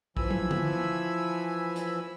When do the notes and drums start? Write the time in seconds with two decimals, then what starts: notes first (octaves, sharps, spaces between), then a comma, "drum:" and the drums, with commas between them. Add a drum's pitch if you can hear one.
0.17 E3 F3 G#5 B5 E6, drum: kick
0.31 drum: tom
0.51 drum: tom D3
1.76 drum: hi-hat